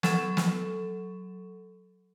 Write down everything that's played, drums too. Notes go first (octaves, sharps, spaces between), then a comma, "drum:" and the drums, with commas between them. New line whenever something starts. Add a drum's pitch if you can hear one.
F#3 A4, drum: snare
drum: snare